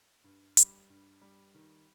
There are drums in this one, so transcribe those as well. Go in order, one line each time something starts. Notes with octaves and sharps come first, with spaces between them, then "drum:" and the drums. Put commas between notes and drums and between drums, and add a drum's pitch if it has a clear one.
G2
G3, drum: hi-hat
G2
G3
D#3